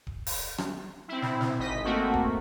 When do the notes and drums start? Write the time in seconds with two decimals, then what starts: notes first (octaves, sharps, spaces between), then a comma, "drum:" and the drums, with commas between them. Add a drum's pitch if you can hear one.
0.07 drum: kick D1
0.26 drum: open hi-hat
0.58 drum: rim click
1.08 C4 E4
1.22 drum: snare
1.41 drum: snare
1.59 G#1 D#5 B6
1.84 A3 A#3 C4 F#4
2.14 drum: kick D1